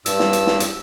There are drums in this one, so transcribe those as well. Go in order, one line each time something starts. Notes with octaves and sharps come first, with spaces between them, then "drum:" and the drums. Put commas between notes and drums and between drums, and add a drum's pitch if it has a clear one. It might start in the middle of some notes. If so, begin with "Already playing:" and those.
G2 E6, drum: hi-hat
drum: snare
drum: hi-hat
drum: snare
drum: hi-hat